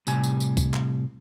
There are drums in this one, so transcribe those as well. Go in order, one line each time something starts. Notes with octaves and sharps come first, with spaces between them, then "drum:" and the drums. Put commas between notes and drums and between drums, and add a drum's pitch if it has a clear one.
A2 C3 G3 G#5, drum: tambourine
drum: tambourine
drum: tambourine
drum: kick C2, tambourine
drum: clap